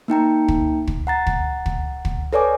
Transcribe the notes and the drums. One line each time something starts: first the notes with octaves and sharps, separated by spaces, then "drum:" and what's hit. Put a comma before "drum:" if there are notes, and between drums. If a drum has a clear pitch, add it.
A#3 D#4 G5 A#5
drum: kick
drum: kick
F#5 A#5 A6
drum: kick
drum: kick
drum: kick
A4 B4 C#5 D5 G#5 D6